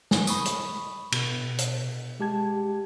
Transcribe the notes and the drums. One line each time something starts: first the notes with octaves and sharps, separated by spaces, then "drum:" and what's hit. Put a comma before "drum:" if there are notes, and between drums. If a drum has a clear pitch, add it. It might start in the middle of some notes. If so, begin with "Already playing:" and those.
G#5, drum: snare
B5 C#6 D#6, drum: tambourine
drum: hi-hat
B2, drum: cymbal
drum: hi-hat
G#3 G4 A5 G#6